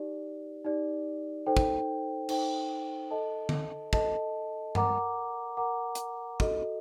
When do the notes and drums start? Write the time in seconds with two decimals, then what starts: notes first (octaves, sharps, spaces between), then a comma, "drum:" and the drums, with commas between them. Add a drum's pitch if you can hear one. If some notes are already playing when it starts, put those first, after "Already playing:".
Already playing: D#4 G4 D5
0.65 D#4 G4 D5
1.46 D#4 A4 C5 G5
1.57 drum: kick
2.29 D#4 A4 C5 G5, drum: cymbal
3.11 A4 D#5 A5
3.49 drum: tom D3
3.93 A4 D#5 A5, drum: kick
4.75 A#4 F#5 A#5 D6, drum: tom G2
5.57 A#4 F#5 A#5 D6
5.95 drum: hi-hat
6.40 F#4 A4 D#5, drum: kick